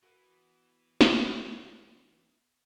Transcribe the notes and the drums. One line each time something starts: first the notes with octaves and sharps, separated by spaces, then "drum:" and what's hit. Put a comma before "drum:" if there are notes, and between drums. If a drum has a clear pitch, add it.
E3 A3 B3 F#4
drum: snare